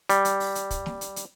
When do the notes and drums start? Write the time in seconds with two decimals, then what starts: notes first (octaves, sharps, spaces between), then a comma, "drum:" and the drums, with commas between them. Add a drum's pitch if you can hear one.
0.10 G3, drum: hi-hat
0.25 drum: hi-hat
0.40 drum: open hi-hat
0.55 drum: hi-hat
0.71 drum: kick, hi-hat
0.86 drum: snare
1.01 drum: hi-hat
1.16 drum: hi-hat